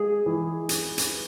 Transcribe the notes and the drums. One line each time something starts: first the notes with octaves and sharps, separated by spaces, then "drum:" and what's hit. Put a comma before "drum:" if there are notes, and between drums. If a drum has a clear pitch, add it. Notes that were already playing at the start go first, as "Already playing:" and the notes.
Already playing: G#3 G#4
E3
drum: hi-hat
drum: hi-hat